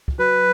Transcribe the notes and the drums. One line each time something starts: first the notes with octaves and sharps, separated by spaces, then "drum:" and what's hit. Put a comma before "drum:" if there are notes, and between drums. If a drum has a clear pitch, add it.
drum: kick
F#3 B4